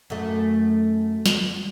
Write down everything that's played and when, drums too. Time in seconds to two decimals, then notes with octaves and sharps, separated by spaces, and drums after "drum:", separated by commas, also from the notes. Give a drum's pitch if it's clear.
0.10 F#2 A3
1.26 drum: snare